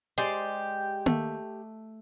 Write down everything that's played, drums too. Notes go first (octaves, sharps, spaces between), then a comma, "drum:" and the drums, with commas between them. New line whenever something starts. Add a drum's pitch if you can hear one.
G#3 G4 C5 D5
A3, drum: tom A#3